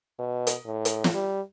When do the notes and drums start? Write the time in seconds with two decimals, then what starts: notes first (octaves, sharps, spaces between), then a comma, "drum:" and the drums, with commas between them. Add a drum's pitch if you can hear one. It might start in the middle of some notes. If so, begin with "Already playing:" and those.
0.19 B2
0.47 drum: hi-hat
0.66 A2
0.85 drum: hi-hat
1.04 drum: snare
1.14 G3